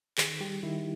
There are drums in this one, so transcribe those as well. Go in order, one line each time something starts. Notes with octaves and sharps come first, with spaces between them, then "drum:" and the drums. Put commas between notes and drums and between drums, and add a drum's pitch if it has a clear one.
D#3 G#4, drum: clap
G3 G4
D#3 E4